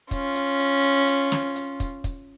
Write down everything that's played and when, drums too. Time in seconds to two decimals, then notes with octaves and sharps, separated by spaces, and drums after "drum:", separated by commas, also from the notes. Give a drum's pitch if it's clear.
0.11 C#4 F4, drum: kick, hi-hat
0.35 drum: hi-hat
0.59 drum: hi-hat
0.84 drum: hi-hat
1.08 drum: hi-hat
1.32 drum: snare
1.56 drum: hi-hat
1.80 drum: kick, hi-hat
2.04 drum: kick, hi-hat